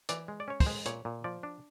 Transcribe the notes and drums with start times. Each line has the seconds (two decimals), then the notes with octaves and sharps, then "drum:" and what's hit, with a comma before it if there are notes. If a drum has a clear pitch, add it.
0.09 E3 D5, drum: hi-hat
0.28 G#3
0.40 D5
0.48 C#4 C#5
0.60 C5, drum: kick, open hi-hat
0.66 G#3
0.86 A#2 C#5, drum: hi-hat
1.05 A#2
1.24 F3 D5
1.43 D4